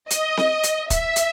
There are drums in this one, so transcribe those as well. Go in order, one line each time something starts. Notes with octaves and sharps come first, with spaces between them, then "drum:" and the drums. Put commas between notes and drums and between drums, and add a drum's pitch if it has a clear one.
D#5, drum: hi-hat
drum: snare C4
drum: hi-hat
E5, drum: kick, hi-hat
drum: hi-hat